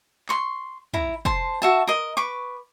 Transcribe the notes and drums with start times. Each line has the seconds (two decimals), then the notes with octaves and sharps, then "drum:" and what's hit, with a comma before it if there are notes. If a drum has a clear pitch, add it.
0.29 C6 C#6, drum: clap
0.94 E4 A#5, drum: tom
1.25 C5 A5 C6, drum: kick
1.62 F#4 E5 A5
1.87 A#4 D#5
2.17 B4 C#6 D6